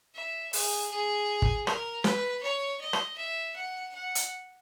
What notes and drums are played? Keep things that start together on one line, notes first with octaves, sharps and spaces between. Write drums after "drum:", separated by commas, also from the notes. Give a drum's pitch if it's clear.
E5
G#4, drum: open hi-hat
G#4
drum: kick
A#4, drum: rim click
B4, drum: snare
C#5
D#5
drum: rim click
E5
F#5
F#5
drum: hi-hat